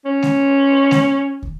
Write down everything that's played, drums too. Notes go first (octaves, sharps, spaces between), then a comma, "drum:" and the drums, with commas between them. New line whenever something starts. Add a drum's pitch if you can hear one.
C#4
drum: snare G#3
drum: snare G#3
drum: kick